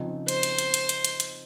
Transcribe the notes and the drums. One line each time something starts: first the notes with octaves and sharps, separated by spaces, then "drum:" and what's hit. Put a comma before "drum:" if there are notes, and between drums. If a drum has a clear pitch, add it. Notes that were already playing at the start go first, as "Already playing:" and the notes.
Already playing: C#3 F3 C4 D#4
C5, drum: hi-hat
drum: hi-hat
drum: hi-hat
drum: hi-hat
drum: hi-hat
drum: hi-hat
drum: hi-hat